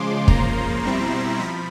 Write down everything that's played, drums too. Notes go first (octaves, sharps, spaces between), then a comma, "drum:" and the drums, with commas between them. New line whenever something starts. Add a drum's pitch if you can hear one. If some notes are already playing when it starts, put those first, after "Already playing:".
Already playing: C#3 F3 G#3 C6 D6
C#3 F3 A#3 A#5 C6, drum: kick
B2 G3 C4 E4
F3 B5